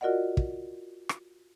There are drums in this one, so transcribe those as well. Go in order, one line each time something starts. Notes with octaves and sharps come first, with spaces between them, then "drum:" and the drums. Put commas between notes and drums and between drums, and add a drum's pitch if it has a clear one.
F4 F#4 A#4 D5 D#5 F#5
drum: kick
drum: rim click